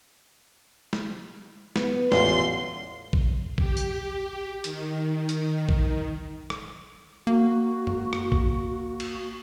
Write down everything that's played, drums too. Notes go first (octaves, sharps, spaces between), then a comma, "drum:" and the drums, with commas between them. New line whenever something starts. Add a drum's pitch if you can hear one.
drum: snare
B3, drum: snare
A1 E2 A3 F4 F#4 C6, drum: snare
drum: kick A#1
G4, drum: kick A#1
drum: tambourine
D#3, drum: hi-hat
drum: hi-hat
drum: kick A#1
drum: rim click
A#3 F#4
drum: tom F#2
drum: rim click
drum: kick A#1
drum: cymbal